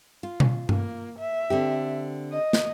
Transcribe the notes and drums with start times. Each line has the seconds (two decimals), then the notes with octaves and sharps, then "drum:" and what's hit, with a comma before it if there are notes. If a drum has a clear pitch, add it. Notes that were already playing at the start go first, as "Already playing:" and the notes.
0.23 F4
0.40 drum: tom B2
0.69 A#3, drum: tom G2
1.19 E5
1.50 D3 C4 G4
2.32 D#5
2.53 drum: snare